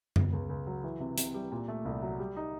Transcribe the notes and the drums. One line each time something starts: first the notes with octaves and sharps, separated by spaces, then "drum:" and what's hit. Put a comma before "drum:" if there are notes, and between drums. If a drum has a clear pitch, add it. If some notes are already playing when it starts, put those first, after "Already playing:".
B2, drum: tom F#2
C#2
C#2
F#3
E3
C3
C3, drum: hi-hat
G3
A#2
A3
C2
F#3
G3
D#4